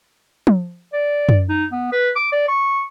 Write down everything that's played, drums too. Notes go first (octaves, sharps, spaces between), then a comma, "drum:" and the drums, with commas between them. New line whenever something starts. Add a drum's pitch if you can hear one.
drum: tom F3
D5
drum: tom F#2
D#4
B3
B4
D6
D5
C#6